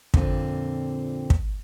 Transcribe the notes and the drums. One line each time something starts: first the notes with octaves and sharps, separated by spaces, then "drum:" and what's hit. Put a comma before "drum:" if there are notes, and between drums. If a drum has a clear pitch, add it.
F2 A#2 D3 C4, drum: kick
drum: kick